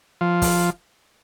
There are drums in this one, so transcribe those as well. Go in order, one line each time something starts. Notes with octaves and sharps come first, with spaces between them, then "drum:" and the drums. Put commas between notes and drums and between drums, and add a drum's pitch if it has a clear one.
F3
drum: kick, open hi-hat